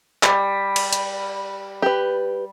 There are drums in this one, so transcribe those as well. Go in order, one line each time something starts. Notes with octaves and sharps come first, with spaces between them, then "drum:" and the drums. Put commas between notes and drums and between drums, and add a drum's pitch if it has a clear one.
G3, drum: clap
drum: cymbal
drum: hi-hat
G4 B4